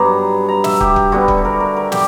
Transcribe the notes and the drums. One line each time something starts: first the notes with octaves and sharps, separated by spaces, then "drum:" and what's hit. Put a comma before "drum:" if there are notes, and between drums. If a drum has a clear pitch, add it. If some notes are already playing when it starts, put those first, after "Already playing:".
Already playing: G2 F#3 B3 A#5 D6
A#5
E5, drum: snare
G4, drum: kick
drum: kick
D3 G3 B3 F#4
drum: kick
B4
A#4
A#4
A#4
G4, drum: snare